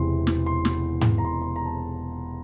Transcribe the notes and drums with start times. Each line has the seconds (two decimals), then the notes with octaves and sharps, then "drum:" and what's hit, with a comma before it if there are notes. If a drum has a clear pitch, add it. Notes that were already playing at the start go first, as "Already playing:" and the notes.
Already playing: E1 E2 C3 E3 C6
0.27 drum: snare
0.46 C6
0.65 drum: snare
1.01 drum: tom G#2
1.18 A#5
1.25 C6
1.32 A#5
1.42 C6
1.56 A#5
1.66 A5